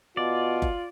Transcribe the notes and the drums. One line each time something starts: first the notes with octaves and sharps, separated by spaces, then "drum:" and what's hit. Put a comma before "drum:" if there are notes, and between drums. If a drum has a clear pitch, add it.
B2 F4 D5
drum: kick F#1